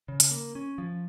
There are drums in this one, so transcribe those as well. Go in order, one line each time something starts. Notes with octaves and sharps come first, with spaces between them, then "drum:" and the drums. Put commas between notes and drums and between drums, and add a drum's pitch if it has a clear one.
C#3
drum: hi-hat
A#3
C#4
F3